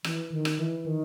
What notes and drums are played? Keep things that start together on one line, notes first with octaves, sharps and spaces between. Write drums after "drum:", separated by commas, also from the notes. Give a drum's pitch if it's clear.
E3, drum: rim click
D#3
drum: rim click
E3
D#3